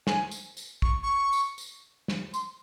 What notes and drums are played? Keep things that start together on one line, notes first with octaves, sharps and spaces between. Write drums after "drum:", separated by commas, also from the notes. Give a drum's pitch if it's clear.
G#5, drum: snare
drum: tambourine
drum: tambourine
C#6, drum: kick
C#6
drum: tambourine
drum: tambourine
drum: snare
C6, drum: tambourine